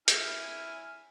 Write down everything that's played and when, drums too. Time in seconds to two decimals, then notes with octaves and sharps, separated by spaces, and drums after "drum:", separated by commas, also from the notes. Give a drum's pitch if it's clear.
0.08 E4 G#5 F6, drum: hi-hat